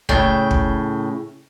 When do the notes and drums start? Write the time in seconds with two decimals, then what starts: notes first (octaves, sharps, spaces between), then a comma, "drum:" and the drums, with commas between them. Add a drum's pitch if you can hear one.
0.09 A2 C#3 G5, drum: kick
0.51 drum: kick